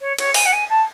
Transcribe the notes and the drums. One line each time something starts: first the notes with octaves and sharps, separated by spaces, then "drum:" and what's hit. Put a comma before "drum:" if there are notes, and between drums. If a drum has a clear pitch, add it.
C#5
C#5, drum: cymbal
G#5, drum: open hi-hat
F#5
G#5
A5